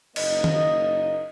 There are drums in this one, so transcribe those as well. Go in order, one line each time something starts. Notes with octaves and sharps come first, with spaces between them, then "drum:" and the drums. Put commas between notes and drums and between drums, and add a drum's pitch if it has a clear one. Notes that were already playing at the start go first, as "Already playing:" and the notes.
F#1 A#3 D#4 D#5, drum: cymbal
drum: tom D#3